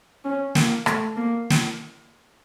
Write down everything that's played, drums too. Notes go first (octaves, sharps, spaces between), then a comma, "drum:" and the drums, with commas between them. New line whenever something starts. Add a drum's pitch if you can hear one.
C#4
A#3, drum: snare
A3, drum: rim click
A#3
drum: snare